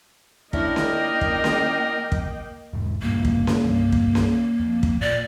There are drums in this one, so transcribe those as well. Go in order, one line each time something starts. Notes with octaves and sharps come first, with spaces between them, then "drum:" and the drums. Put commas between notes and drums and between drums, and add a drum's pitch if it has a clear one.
A#3 C#4 D4 E4 A#4 D#5 G5, drum: kick
drum: snare C#4
drum: kick
drum: snare C#4
drum: kick
E1 G#2
C#2 G2 A#2 A#3
drum: kick
drum: snare C#4
C2 G2
drum: kick
drum: snare C#4
F2
drum: kick
A#2 D5